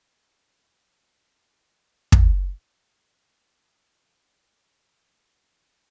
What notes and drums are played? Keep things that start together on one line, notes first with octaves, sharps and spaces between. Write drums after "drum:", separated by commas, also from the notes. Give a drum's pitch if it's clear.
F4 F#4 C#5 D6
drum: kick
C#2
D#2 F6 G6